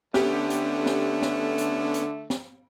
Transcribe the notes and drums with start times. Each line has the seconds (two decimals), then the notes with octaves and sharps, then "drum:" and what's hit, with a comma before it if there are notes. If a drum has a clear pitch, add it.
0.14 D3 A3 B3 C#4 G4, drum: snare
0.50 drum: hi-hat
0.86 drum: snare
1.22 drum: snare
1.58 drum: hi-hat
1.94 drum: hi-hat
2.30 drum: snare